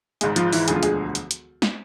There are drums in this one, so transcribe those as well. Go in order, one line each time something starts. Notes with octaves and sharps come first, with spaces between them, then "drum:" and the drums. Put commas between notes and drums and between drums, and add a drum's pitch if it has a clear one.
G#1 G#2 G#3 G#4, drum: hi-hat
F3 F4, drum: hi-hat
E3 E4, drum: open hi-hat
E1 D2 D3 F3 G#3 G#4, drum: hi-hat
F4
G#3 G#4, drum: hi-hat
drum: hi-hat
drum: hi-hat
drum: snare